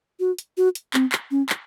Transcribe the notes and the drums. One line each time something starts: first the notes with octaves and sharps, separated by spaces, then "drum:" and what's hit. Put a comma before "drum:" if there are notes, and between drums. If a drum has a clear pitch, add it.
F#4
drum: hi-hat
F#4
drum: hi-hat
C4, drum: clap
drum: clap
C#4
drum: clap